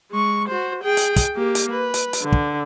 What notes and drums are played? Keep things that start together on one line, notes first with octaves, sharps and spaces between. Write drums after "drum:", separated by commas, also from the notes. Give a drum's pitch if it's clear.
G#3 C#6
F#4 C5
G#4 G5
drum: hi-hat
drum: kick, hi-hat
A#3 G4
drum: hi-hat
B4
drum: hi-hat
drum: hi-hat
D3
drum: kick